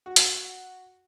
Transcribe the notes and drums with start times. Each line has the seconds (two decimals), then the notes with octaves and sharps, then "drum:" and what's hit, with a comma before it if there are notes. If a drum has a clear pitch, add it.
0.06 F#4
0.16 drum: hi-hat